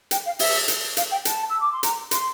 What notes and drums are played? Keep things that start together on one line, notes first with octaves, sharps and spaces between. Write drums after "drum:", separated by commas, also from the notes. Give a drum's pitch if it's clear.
G5, drum: hi-hat
F5
E5, drum: open hi-hat
drum: hi-hat
F5, drum: hi-hat
G5
A5, drum: hi-hat
E6
D6
C6
A#5, drum: hi-hat
C6, drum: hi-hat